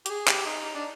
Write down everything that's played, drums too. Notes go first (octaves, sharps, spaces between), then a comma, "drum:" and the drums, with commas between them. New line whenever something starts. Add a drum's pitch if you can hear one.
G4, drum: hi-hat
G#4
G4, drum: clap
D#4
D#4
D4